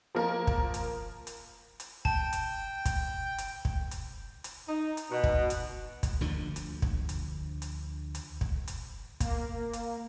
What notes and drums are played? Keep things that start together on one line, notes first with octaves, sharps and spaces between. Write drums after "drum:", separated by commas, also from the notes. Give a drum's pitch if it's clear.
F3 A#3 A#4
drum: kick
drum: hi-hat
drum: hi-hat
drum: hi-hat
G5 A5, drum: kick
drum: hi-hat
drum: kick, hi-hat
drum: hi-hat
drum: kick
drum: hi-hat
drum: hi-hat
D#4
drum: hi-hat
B2
drum: kick
drum: hi-hat
drum: kick, hi-hat
D2 D3 F3
drum: hi-hat
drum: kick
drum: hi-hat
drum: hi-hat
drum: hi-hat
drum: kick
drum: hi-hat
A#3, drum: kick, hi-hat
drum: hi-hat